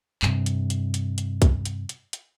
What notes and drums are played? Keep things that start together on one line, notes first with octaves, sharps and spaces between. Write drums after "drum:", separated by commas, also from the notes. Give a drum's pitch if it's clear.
G2 C3, drum: clap
drum: hi-hat
drum: hi-hat
drum: hi-hat
drum: hi-hat
drum: kick, hi-hat
drum: hi-hat
drum: hi-hat
drum: hi-hat